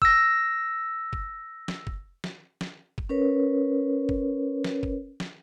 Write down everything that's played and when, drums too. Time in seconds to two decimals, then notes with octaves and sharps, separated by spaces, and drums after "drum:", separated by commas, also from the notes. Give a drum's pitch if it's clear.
0.02 E6 A#6, drum: kick
1.13 drum: kick
1.68 drum: snare
1.87 drum: kick
2.24 drum: snare
2.61 drum: snare
2.98 drum: kick
3.09 C#4 A#4 B4 C#5
4.09 drum: kick
4.64 drum: snare
4.83 drum: kick
5.20 drum: snare